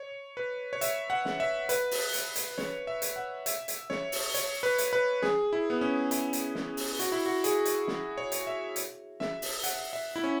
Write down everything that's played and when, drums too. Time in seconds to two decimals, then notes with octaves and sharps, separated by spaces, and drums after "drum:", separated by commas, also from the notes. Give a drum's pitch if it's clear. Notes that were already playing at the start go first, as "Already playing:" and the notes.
Already playing: C#5
0.37 B4
0.73 C#5
0.81 E5, drum: hi-hat
1.10 F#5
1.25 drum: snare
1.40 E5
1.69 B4, drum: hi-hat
1.91 drum: open hi-hat
2.13 drum: hi-hat
2.35 drum: hi-hat
2.58 C#5, drum: snare
2.87 E5
3.02 drum: hi-hat
3.16 F#5
3.46 E5, drum: hi-hat
3.68 drum: hi-hat
3.90 C#5, drum: snare
4.12 drum: open hi-hat
4.34 C#5, drum: hi-hat
4.63 B4
4.78 drum: hi-hat
4.93 B4
5.22 G#4, drum: snare
5.53 E4
5.70 B3
5.81 C#4
6.11 E4, drum: hi-hat
6.33 drum: hi-hat
6.55 drum: snare
6.77 drum: open hi-hat
6.99 F#4, drum: hi-hat
7.12 E4
7.26 F#4
7.44 G#4, drum: hi-hat
7.65 drum: hi-hat
7.87 drum: snare
8.18 C#5
8.32 drum: hi-hat
8.47 E5
8.76 drum: hi-hat
9.20 E5, drum: snare
9.42 drum: open hi-hat
9.64 F#5, drum: hi-hat
9.93 E5
10.16 E4
10.24 C#4